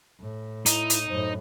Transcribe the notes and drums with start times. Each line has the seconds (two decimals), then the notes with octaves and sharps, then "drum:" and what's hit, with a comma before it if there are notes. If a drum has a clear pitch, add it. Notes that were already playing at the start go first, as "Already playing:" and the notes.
0.20 A2
0.66 D#4 E4, drum: hi-hat
0.90 drum: hi-hat
1.09 F#2 A2 C5